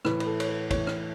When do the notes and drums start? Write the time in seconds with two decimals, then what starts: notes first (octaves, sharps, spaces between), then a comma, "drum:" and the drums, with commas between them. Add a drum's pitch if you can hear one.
0.05 A2 E3 B4, drum: rim click
0.20 B4, drum: cymbal
0.26 A4
0.40 C#5, drum: cymbal
0.48 B4
0.71 A2 E3 C#5, drum: kick, cymbal
0.87 drum: rim click